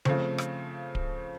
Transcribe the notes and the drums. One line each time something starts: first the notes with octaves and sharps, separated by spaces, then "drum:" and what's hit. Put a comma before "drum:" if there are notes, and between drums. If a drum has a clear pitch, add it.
C#3 F3 A3 C4, drum: tom C#3
drum: rim click
drum: kick D1